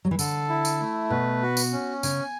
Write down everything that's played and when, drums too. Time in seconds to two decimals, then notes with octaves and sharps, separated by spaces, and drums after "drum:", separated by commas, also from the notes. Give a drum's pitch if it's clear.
0.05 F#3
0.11 E3
0.19 D3 A4, drum: tambourine
0.49 E4
0.65 drum: tambourine
0.81 A3
1.10 B2 B4
1.42 F#4
1.57 drum: tambourine
1.73 C#4
2.03 C#3 G#5, drum: tambourine